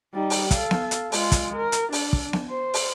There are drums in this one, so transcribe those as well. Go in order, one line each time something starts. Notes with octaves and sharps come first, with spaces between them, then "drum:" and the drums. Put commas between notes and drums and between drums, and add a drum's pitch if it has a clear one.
G3 D#4
drum: open hi-hat
A4 F5, drum: kick, hi-hat
drum: snare B3
drum: hi-hat
G#3 F4, drum: open hi-hat
drum: kick, hi-hat
A#4
drum: hi-hat
D4, drum: open hi-hat
drum: kick
drum: snare B3
C5
drum: open hi-hat